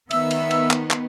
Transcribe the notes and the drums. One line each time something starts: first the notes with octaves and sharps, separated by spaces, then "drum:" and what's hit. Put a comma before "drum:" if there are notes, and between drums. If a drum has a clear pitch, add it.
D#3 B3 E5 E6, drum: cymbal
drum: cymbal
drum: cymbal
drum: clap
drum: clap